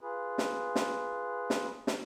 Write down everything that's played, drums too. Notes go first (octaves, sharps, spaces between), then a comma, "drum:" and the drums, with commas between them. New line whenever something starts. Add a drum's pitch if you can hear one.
F4 G#4 B4
drum: snare
drum: snare
drum: snare
drum: snare